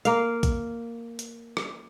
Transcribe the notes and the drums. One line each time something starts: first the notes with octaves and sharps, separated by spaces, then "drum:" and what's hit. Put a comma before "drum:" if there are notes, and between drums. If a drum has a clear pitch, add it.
A#3 F5, drum: hi-hat
drum: kick, hi-hat
drum: hi-hat
drum: rim click